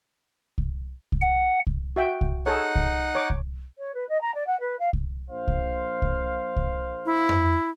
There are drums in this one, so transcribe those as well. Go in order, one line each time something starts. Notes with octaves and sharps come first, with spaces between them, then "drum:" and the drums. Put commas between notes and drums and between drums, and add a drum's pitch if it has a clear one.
drum: kick C2
drum: kick C2
F#5
drum: kick C2
F#4 E5 G5
drum: kick C2
D#4 G#4 A4 C#5 F#5
drum: kick C2
C#5 D6
drum: kick C2
C#5
B4
D#5
A#5
D5
F#5
B4
F5
drum: kick C2
A#1 C5 F5
drum: kick C2
drum: kick C2
drum: kick C2
E4
drum: tom F2